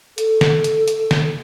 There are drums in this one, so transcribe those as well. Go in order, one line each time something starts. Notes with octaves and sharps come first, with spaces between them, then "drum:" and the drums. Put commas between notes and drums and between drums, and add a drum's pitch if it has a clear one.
A4, drum: hi-hat
drum: snare
drum: hi-hat
drum: hi-hat
drum: snare